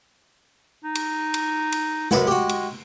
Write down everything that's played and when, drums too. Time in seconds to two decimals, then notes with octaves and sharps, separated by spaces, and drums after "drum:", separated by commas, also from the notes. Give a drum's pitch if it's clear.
0.84 D#4
0.95 drum: cymbal
1.34 drum: cymbal
1.72 drum: cymbal
2.11 F#2 G#3 B4 F#5, drum: snare
2.27 F#4 G4
2.49 drum: cymbal